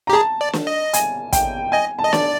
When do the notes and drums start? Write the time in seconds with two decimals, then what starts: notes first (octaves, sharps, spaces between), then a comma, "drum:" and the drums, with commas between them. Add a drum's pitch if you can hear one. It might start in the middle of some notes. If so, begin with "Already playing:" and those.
0.07 G4 A#5
0.13 G#4 A5
0.41 D5
0.53 drum: snare
0.67 D#5
0.93 G#5, drum: hi-hat
1.33 G5, drum: kick, hi-hat
1.72 D#5 G#5
1.99 A5
2.04 D#5
2.13 D5, drum: snare